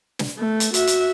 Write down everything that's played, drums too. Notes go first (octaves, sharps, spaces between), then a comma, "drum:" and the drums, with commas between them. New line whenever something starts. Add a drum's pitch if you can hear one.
drum: snare
A3
drum: hi-hat
F#4 E5, drum: hi-hat
drum: hi-hat